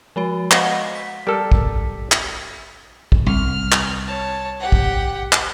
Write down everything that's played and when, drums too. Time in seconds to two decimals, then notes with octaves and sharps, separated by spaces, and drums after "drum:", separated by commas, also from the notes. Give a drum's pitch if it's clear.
0.16 F3 G#3 F#4
0.51 C5 D#5 F5 F#5, drum: clap
0.95 B6
1.27 G3 A4 A#4
1.52 drum: kick
2.12 drum: clap
3.12 drum: kick
3.26 C2 F6
3.72 drum: clap
4.07 C#5 A5
4.60 G4 F#5
4.72 drum: kick
5.32 drum: clap